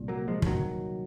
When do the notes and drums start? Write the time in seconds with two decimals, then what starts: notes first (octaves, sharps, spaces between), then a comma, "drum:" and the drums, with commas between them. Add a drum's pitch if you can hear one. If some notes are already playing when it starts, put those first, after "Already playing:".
Already playing: C2 A#2
0.08 F#3 A#3
0.28 F3 G#3
0.42 F3, drum: kick
0.46 D#3 F#3